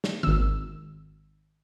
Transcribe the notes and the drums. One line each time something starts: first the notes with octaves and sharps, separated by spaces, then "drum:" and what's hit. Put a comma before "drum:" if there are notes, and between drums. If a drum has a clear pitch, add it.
drum: snare
G#1 E6, drum: tom D3